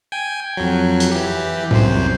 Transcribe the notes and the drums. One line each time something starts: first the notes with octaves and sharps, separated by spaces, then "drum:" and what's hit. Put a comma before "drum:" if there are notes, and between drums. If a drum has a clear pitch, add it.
G5 G#5
F2 F#3
drum: hi-hat
E3 G4
C2 F#2 C5, drum: tom A2